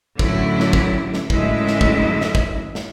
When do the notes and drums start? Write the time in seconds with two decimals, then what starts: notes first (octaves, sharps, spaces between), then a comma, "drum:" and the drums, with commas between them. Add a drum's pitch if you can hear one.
0.19 A2 D3 F#3 C#4 E4 G4, drum: kick
0.60 drum: snare
0.73 drum: kick
1.14 drum: snare
1.30 F#2 A2 D3 G#3 E4 E5, drum: kick
1.67 drum: snare
1.81 drum: kick
2.21 drum: snare
2.35 drum: kick
2.75 drum: snare